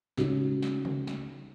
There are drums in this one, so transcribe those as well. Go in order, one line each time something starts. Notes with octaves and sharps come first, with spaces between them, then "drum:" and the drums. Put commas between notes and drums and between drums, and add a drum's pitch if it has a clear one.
C#3 G#3 D#4 F#4, drum: snare
drum: snare
drum: tom
drum: snare